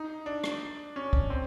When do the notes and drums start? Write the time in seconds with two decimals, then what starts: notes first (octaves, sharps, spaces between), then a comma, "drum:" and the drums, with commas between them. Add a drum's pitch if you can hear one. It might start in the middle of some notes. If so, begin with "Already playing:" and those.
Already playing: D#4
0.26 D4
0.44 drum: rim click
0.96 C#4
1.13 drum: kick
1.30 C4